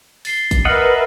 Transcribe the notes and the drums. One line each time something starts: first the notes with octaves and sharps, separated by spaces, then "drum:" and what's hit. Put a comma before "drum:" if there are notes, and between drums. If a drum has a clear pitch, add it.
A6 C7 G7, drum: open hi-hat
drum: kick, hi-hat
A#4 B4 D#5 E5 F#5 F6 A#6